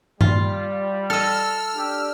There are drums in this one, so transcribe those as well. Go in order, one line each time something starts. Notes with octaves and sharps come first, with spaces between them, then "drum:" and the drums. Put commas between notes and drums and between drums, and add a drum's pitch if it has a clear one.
G3 F4, drum: tom G2
A4 D#5 E6 F6
D4 G4